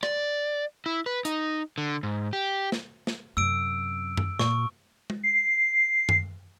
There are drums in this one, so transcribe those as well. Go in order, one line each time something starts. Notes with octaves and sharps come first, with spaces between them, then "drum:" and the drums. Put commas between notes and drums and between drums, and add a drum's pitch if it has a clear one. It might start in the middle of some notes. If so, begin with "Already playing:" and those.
D5, drum: rim click
E4
B4
D#4, drum: hi-hat
D3
G#2
G4
drum: snare
drum: snare
F#2 C3 E6 D7
drum: tom F#2
A#2 C#6, drum: snare
drum: tom G#3
C7
drum: tom F#2